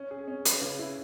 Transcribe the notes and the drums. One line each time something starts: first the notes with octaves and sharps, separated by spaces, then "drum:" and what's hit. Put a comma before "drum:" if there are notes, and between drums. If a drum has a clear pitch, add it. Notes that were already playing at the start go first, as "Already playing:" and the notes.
Already playing: C#4
G#4
C#4
B4, drum: hi-hat
C#3
E4